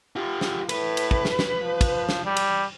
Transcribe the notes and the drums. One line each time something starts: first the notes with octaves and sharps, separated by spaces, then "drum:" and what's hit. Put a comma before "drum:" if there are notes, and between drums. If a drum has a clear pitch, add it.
F4 G4
drum: snare
A2 B4, drum: cymbal
drum: cymbal
drum: kick
drum: snare
drum: snare
F3
drum: kick, cymbal
drum: snare
G3
drum: cymbal